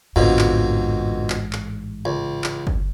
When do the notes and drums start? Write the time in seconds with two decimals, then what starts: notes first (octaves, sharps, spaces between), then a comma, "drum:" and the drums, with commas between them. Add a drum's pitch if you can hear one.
0.16 A1 F2 G#2 B2 D3
0.39 drum: clap
1.30 drum: clap
1.53 drum: clap
2.05 C#2
2.44 drum: clap
2.67 drum: kick